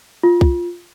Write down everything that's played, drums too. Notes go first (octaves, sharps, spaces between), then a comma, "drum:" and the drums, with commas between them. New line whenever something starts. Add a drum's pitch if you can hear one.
F4
drum: kick C2